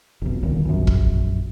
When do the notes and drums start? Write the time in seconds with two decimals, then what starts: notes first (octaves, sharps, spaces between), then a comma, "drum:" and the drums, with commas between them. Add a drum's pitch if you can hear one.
0.22 F1 B1
0.43 D#1 D2 D#3
0.65 A#1 F#2
0.87 drum: kick